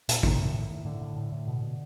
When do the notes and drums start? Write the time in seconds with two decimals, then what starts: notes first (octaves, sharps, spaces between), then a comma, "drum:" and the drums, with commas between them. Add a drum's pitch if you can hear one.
0.09 A#2, drum: hi-hat
0.23 A2 D#3, drum: kick
0.39 A2
0.54 A2
0.70 A2
0.85 A2 D3
1.01 A2
1.16 A2
1.32 A2
1.47 B2
1.62 B2